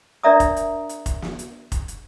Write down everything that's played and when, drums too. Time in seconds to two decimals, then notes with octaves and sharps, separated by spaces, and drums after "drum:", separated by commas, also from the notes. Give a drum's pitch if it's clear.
0.23 D4 A#4 D5 E5 A#5 D#6
0.40 drum: kick F1, hi-hat
0.56 drum: hi-hat
0.89 drum: hi-hat
1.06 drum: kick F1, hi-hat
1.22 drum: snare
1.39 drum: hi-hat
1.72 drum: kick F1, hi-hat
1.88 drum: hi-hat